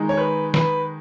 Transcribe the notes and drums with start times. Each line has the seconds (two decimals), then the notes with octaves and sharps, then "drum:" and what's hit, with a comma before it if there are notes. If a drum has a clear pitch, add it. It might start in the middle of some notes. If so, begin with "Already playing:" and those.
Already playing: D#3 G#3 D#4
0.09 C#5
0.17 B4
0.54 B4, drum: snare